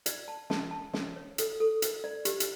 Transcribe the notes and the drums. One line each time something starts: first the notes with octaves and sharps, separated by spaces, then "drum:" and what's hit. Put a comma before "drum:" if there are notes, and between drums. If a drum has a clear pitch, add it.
D5, drum: hi-hat
A5
A5, drum: snare
A5
C#5, drum: snare
C#5
A4, drum: hi-hat
A4
A#4, drum: hi-hat
D5
G4, drum: hi-hat
drum: hi-hat